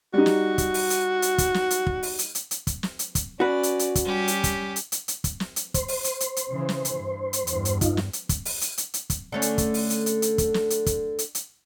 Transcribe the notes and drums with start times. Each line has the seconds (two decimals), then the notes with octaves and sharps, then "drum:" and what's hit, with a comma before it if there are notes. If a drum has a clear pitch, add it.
0.14 G3 D#4 F#4
0.26 drum: snare
0.58 drum: kick, hi-hat
0.74 drum: open hi-hat
0.90 drum: hi-hat
1.22 drum: hi-hat
1.38 drum: kick, hi-hat
1.54 drum: snare
1.70 drum: hi-hat
1.87 drum: kick
2.03 drum: open hi-hat
2.19 drum: hi-hat
2.35 drum: hi-hat
2.51 drum: hi-hat
2.67 drum: kick, hi-hat
2.83 drum: snare
2.99 drum: hi-hat
3.15 drum: kick, hi-hat
3.40 C#4 F#4 B4 D5
3.63 drum: hi-hat
3.79 drum: hi-hat
3.95 drum: kick, hi-hat
4.05 G3 C#4 G4
4.28 drum: hi-hat
4.44 drum: kick, hi-hat
4.76 drum: hi-hat
4.92 drum: hi-hat
5.08 drum: hi-hat
5.24 drum: kick, hi-hat
5.40 drum: snare
5.56 drum: hi-hat
5.74 C5, drum: kick, hi-hat
5.88 drum: open hi-hat
6.04 drum: hi-hat
6.20 drum: hi-hat
6.36 drum: hi-hat
6.49 C#3 E3
6.69 drum: snare
6.85 drum: hi-hat
6.94 G2
7.33 drum: hi-hat
7.47 E2 G2, drum: hi-hat
7.65 drum: hi-hat
7.81 D#4 F4, drum: kick, hi-hat
7.97 drum: snare
8.13 drum: hi-hat
8.29 drum: kick, hi-hat
8.45 drum: open hi-hat
8.61 drum: hi-hat
8.78 drum: hi-hat
8.94 drum: hi-hat
9.10 drum: kick, hi-hat
9.32 D3 A3 C#4
9.42 drum: hi-hat
9.58 drum: kick, hi-hat
9.74 drum: open hi-hat
9.90 drum: hi-hat
10.06 drum: hi-hat
10.22 drum: hi-hat
10.38 drum: kick, hi-hat
10.54 drum: snare
10.70 drum: hi-hat
10.86 drum: kick, hi-hat
11.19 drum: hi-hat
11.35 drum: hi-hat